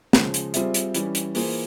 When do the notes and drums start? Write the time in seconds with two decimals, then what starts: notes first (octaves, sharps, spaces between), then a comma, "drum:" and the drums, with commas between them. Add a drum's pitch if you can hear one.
0.13 C#3 F3 G#3, drum: snare
0.34 drum: hi-hat
0.54 G3 C4 F4 G#4 E5, drum: hi-hat
0.74 drum: hi-hat
0.95 E3 G3 C#4, drum: hi-hat
1.15 drum: hi-hat
1.35 E3 A#3 F4 G#4 C5, drum: open hi-hat